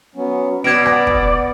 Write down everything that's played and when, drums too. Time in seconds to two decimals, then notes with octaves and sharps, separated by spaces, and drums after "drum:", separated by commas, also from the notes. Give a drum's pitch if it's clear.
0.16 F#3 B3 C#4
0.64 B2 B3 D5 G#6 D7
0.86 drum: rim click
1.07 drum: kick